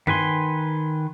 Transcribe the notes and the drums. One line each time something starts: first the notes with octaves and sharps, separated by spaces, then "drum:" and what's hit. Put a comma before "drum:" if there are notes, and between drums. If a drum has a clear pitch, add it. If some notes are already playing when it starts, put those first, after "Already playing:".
D#3 B4 G#5 C6, drum: tom G2